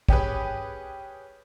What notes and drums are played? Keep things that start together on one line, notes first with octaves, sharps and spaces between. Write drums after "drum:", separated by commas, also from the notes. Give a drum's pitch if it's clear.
C#4 G4 G#4 B4, drum: kick